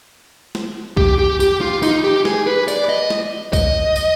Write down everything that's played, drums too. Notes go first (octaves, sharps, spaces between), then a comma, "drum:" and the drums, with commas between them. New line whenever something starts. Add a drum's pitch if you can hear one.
drum: snare
G4, drum: kick
G4
G4, drum: tambourine
F4
D#4, drum: tambourine
G4
G#4, drum: snare
B4
D5, drum: tambourine
D#5
drum: snare
D#5, drum: kick, tambourine
drum: tambourine